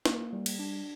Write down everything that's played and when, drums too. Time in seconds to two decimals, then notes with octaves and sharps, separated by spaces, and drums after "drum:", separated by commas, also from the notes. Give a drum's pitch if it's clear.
0.05 A#3, drum: snare
0.33 G3
0.46 drum: cymbal
0.59 D4